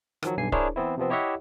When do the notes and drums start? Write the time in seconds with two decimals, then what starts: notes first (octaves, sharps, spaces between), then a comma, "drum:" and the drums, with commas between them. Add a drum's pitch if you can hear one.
0.23 D#3 F3 F#3, drum: rim click
0.37 B1 G2 G#5 C7
0.52 D4 E4 G#4 A#4 C5 C#5, drum: kick D1
0.76 E3 B3 C4 E4
0.98 C3 F3 B3 C4
1.10 E4 G4 C#5 D#5 E5 F#5